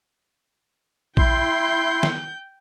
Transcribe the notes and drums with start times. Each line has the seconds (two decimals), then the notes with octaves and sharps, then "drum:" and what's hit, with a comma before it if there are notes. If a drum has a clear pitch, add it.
1.17 E4 G5 C6 G6, drum: kick A#1
2.03 drum: snare